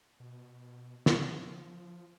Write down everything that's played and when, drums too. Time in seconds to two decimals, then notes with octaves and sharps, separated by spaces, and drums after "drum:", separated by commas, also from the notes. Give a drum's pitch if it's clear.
0.20 B2
1.06 F3, drum: snare